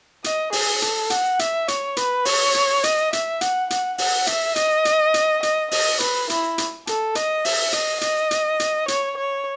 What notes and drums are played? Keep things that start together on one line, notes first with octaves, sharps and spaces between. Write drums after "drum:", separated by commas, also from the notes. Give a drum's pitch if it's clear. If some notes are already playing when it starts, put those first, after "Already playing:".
D#5, drum: hi-hat
G#4, drum: open hi-hat
A4, drum: hi-hat
F#5, drum: hi-hat
E5, drum: hi-hat
C#5, drum: hi-hat
B4, drum: hi-hat
C#5, drum: open hi-hat
drum: hi-hat
D#5, drum: hi-hat
E5, drum: hi-hat
F#5, drum: hi-hat
F#5, drum: hi-hat
F#5, drum: open hi-hat
E5, drum: hi-hat
D#5, drum: hi-hat
drum: hi-hat
drum: hi-hat
D#5, drum: hi-hat
D#5, drum: open hi-hat
B4, drum: hi-hat
E4, drum: hi-hat
drum: hi-hat
A4, drum: hi-hat
D#5, drum: hi-hat
E5, drum: open hi-hat
D#5, drum: hi-hat
D#5, drum: hi-hat
drum: hi-hat
drum: hi-hat
C#5, drum: hi-hat
C#5